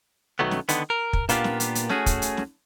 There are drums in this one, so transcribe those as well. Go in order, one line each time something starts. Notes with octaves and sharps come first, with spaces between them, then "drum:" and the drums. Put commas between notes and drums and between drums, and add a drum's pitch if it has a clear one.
B1 D#3 F#3 A3 B3
drum: snare
D3 D#3 B3, drum: hi-hat
A#4
drum: kick
A#2 A#3 B3 D4 F4 G4, drum: hi-hat
drum: snare
drum: hi-hat
drum: hi-hat
A3 C#4 F#4 G#4, drum: snare
drum: kick, hi-hat
drum: hi-hat
drum: snare